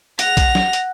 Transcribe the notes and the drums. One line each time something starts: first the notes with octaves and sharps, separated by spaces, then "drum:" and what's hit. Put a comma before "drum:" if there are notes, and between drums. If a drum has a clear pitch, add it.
F#5 A#6 F7, drum: hi-hat
drum: kick B1, hi-hat
drum: snare
drum: hi-hat